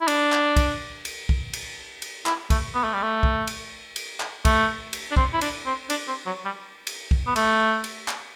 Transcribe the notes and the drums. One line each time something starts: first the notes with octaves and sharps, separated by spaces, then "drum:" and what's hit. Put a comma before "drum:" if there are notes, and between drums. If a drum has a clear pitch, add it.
E4
D4, drum: cymbal
drum: clap
drum: kick B1, cymbal
drum: cymbal
drum: kick B1
drum: cymbal
drum: cymbal
E4, drum: clap
A3, drum: kick B1, cymbal
B3
A3
G3
A3
drum: kick B1
drum: cymbal
drum: cymbal
drum: clap
A3, drum: kick B1, cymbal
drum: cymbal
D4
C4, drum: kick B1
E4
D4, drum: cymbal
C4
D4, drum: cymbal
C4
F#3
G3
drum: cymbal
drum: kick B1
B3
A3, drum: cymbal
drum: cymbal
drum: clap